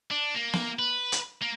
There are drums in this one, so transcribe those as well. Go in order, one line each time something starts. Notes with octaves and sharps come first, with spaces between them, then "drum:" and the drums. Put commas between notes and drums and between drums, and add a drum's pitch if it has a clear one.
D4
A#3
drum: snare
B4
drum: hi-hat
A#3